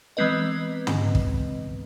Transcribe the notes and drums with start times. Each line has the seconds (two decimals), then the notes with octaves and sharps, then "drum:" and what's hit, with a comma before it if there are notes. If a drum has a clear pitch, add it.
0.17 E3 G#3 B3 C4 B4 D#5
0.87 drum: tom
1.15 drum: kick